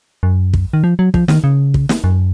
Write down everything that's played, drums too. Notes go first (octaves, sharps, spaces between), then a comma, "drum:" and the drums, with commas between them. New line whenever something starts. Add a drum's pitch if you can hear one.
F#2
drum: kick
D#3
F3
F#3
F3, drum: kick
D#3, drum: snare
C#3
drum: kick
drum: snare
F#2